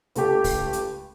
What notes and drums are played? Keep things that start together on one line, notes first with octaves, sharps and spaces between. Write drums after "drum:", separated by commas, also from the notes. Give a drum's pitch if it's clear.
C#2 A3 G4, drum: hi-hat
drum: kick, open hi-hat
drum: hi-hat